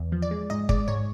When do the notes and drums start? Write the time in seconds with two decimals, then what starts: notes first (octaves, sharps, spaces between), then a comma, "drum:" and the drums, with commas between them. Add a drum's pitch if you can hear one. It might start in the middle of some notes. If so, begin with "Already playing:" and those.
Already playing: E2
0.12 F3
0.22 D5
0.31 G#3
0.50 G#2 D#5
0.69 G#3 D5, drum: kick
0.88 G#2 C#5